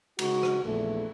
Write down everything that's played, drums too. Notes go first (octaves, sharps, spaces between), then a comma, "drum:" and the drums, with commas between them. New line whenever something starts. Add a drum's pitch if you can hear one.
C#3 G#3 D#4 F#4, drum: cymbal
drum: rim click
A#1 E2 A3